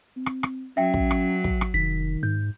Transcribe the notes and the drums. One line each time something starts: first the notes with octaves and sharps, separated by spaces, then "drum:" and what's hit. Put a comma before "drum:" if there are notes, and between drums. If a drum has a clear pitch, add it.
C4
drum: rim click
drum: rim click
F#3 C#4 E5 G5
drum: kick
drum: rim click
drum: kick
drum: rim click
F1 D#3 B6
G#2 G6